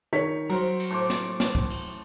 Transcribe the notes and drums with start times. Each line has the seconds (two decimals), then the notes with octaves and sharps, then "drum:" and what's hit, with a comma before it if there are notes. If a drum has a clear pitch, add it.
0.13 D#3 C#5 B6
0.49 F#3 A#4 C5, drum: cymbal
0.80 drum: cymbal
0.91 A2 C5 D6
1.10 drum: snare
1.40 drum: snare
1.55 drum: kick
1.70 drum: cymbal